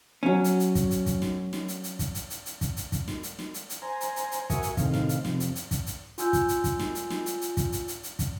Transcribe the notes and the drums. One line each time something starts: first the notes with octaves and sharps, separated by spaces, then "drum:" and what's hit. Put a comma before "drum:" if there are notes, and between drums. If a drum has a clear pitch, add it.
F#3 C#4
drum: hi-hat
drum: hi-hat
drum: kick, hi-hat
drum: hi-hat
drum: kick, hi-hat
drum: snare
drum: snare
drum: hi-hat
drum: hi-hat
drum: kick, hi-hat
drum: hi-hat
drum: hi-hat
drum: hi-hat
drum: kick, hi-hat
drum: hi-hat
drum: kick, hi-hat
drum: snare
drum: hi-hat
drum: snare
drum: hi-hat
drum: hi-hat
C5 G#5 A#5
drum: hi-hat
drum: hi-hat
drum: hi-hat
F#4 A#4 E5 G#5 C#6 D#6, drum: kick, hi-hat
drum: hi-hat
A2 C3 D#3 F5, drum: kick, hi-hat
drum: snare
drum: hi-hat
F2 C3, drum: snare
drum: hi-hat
drum: hi-hat
drum: kick, hi-hat
drum: hi-hat
F4 G#5 E6 G6, drum: hi-hat
drum: kick, hi-hat
drum: hi-hat
drum: kick, hi-hat
drum: snare
drum: hi-hat
drum: snare
drum: hi-hat
drum: hi-hat
drum: kick, hi-hat
drum: hi-hat
drum: hi-hat
drum: hi-hat
drum: kick, hi-hat